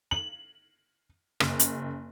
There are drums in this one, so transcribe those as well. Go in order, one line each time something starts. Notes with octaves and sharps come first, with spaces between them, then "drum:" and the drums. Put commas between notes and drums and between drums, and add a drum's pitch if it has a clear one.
F#7
F#1, drum: rim click
drum: hi-hat